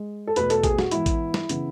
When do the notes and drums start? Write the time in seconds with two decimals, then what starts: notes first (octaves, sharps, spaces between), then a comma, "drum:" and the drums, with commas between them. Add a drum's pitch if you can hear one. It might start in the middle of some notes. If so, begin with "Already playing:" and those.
Already playing: G#3
0.27 A4
0.36 E2 B2 A3 B4, drum: hi-hat
0.50 A4, drum: hi-hat
0.64 G#4, drum: kick A1, hi-hat
0.79 F#4, drum: snare
0.91 G#2 E3 B3 E4, drum: hi-hat
1.06 drum: kick A1, hi-hat
1.34 drum: snare
1.49 C#3 E3 B3, drum: hi-hat